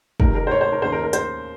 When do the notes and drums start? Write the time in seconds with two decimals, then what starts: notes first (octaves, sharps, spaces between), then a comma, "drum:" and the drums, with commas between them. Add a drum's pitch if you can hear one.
0.20 C#2 C3 D#3 A#4, drum: kick
0.35 A#4
0.47 C5
0.51 C#5
0.61 C5
0.72 A#4
0.82 D#2 C#3 C5
0.92 A#4
1.03 A#4
1.13 C5, drum: hi-hat